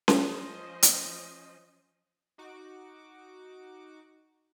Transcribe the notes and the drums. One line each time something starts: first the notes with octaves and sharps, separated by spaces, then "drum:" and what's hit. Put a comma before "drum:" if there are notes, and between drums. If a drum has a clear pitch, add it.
drum: snare C#4
F3 C#4 C5 D#5
drum: hi-hat
D#4 F#4 D6